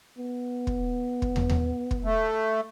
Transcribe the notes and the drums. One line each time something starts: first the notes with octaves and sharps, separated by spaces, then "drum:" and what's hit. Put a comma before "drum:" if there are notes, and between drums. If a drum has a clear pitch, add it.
B3
drum: kick
drum: kick
drum: tom
drum: tom
drum: kick
A3